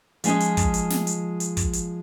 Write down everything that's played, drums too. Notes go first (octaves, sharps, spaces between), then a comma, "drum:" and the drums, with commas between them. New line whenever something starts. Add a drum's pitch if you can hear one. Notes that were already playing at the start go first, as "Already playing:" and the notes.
F3 G#3 C#4 D#4, drum: hi-hat
drum: hi-hat
drum: kick, hi-hat
drum: hi-hat
drum: snare
drum: hi-hat
drum: hi-hat
drum: kick, hi-hat
drum: hi-hat